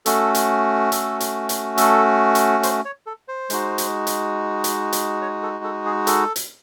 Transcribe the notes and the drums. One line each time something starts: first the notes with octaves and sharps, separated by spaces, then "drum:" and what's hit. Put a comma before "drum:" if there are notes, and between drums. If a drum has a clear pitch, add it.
A3 C#4 F#4 A4, drum: hi-hat
drum: hi-hat
A4, drum: hi-hat
drum: hi-hat
drum: hi-hat
A4, drum: hi-hat
drum: hi-hat
C5, drum: hi-hat
C#5
A4
C5
G#3 D#4 F#4, drum: hi-hat
drum: hi-hat
drum: hi-hat
drum: hi-hat
drum: hi-hat
C#5
A4
A4
G#4
A4, drum: hi-hat
drum: hi-hat